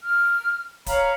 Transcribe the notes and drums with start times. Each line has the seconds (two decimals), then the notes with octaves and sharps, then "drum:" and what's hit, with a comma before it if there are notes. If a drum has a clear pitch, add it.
0.04 F6
0.86 C#5 F5 A#5 B5, drum: kick, hi-hat